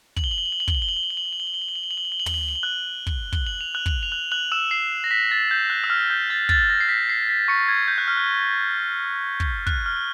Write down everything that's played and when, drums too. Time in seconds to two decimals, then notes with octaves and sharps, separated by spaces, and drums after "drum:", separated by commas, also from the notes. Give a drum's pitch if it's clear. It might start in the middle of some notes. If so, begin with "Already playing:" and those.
0.17 F#7, drum: kick
0.24 G7
0.31 F#7
0.38 G7
0.46 F#7
0.52 G7
0.60 F#7
0.68 G7, drum: kick
0.75 F#7
0.82 G7
0.88 F#7
0.97 G7
1.03 F#7
1.10 G7
1.17 F#7
1.26 G7
1.33 F#7
1.40 G7
1.47 F#7
1.54 G7
1.61 F#7
1.68 G7
1.75 F#7
1.84 G7
1.91 F#7
1.97 G7
2.05 F#7
2.12 G7
2.20 F#7
2.26 G7, drum: tom
2.34 F#7
2.41 G7
2.49 F#7
2.56 G7
2.63 F#6 F#7
3.07 drum: kick
3.33 G7, drum: kick
3.47 F#7
3.61 F7
3.75 F#6 F#7
3.86 drum: kick
4.03 F7
4.12 F#6 F#7
4.32 F#6 F#7
4.52 E6 E7
4.71 C7
5.04 A#6
5.11 B6
5.31 A6
5.51 G6
5.70 F#6
5.84 E6
5.90 F6
6.10 G6
6.30 A6
6.49 A6, drum: kick
6.70 A#6
6.81 C7
6.89 B6
7.09 C7
7.28 B6
7.48 C#6 C#7
7.68 G#6
7.88 G6
7.98 F#6
8.08 F6
8.17 F#6
9.40 drum: kick
9.67 F#6, drum: kick
9.86 F6